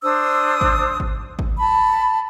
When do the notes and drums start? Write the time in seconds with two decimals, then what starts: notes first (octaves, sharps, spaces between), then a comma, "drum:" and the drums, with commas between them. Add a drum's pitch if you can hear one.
0.03 D4 C5 D#6 E6
0.61 drum: kick G#1
1.00 drum: kick G#1
1.39 drum: kick G#1
1.58 A5 B5